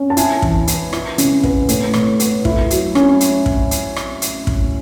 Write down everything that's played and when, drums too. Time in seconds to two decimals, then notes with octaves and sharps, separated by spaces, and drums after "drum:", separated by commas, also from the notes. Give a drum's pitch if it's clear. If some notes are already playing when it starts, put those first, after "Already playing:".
Already playing: C#4
0.10 A5
0.17 E4 G#5, drum: hi-hat
0.42 E3, drum: kick
0.67 B3, drum: hi-hat
0.93 E4, drum: rim click
1.18 C#3, drum: hi-hat
1.44 B3, drum: kick
1.69 A2, drum: hi-hat
1.94 A2, drum: rim click
2.20 B3, drum: hi-hat
2.45 E4, drum: kick
2.71 F#3, drum: hi-hat
2.95 C#4, drum: rim click
3.21 drum: hi-hat
3.46 drum: kick
3.71 drum: hi-hat
3.96 drum: rim click
4.22 drum: hi-hat
4.47 drum: kick